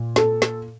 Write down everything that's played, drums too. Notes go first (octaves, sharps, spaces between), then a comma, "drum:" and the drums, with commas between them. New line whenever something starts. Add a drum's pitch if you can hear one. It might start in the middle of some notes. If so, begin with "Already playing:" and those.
Already playing: A#2
A4, drum: snare
drum: snare